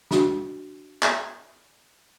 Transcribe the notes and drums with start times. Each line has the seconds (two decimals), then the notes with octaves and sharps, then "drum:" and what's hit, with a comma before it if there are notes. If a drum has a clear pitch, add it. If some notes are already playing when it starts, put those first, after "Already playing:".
0.11 D4 F#4, drum: snare
1.03 drum: clap